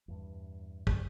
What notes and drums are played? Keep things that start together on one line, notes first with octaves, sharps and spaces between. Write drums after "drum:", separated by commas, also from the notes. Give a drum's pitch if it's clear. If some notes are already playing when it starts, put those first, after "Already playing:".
E2 G2
drum: kick